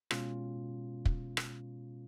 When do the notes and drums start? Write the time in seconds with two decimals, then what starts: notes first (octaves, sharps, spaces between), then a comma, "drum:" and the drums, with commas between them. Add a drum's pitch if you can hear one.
0.11 B2 G#3 C#4 F4, drum: rim click
1.05 drum: kick
1.37 drum: rim click